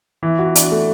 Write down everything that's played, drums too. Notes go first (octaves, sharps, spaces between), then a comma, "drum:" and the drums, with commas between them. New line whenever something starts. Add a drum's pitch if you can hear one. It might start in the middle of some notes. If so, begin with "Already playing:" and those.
E3
F#4
D4, drum: hi-hat
A3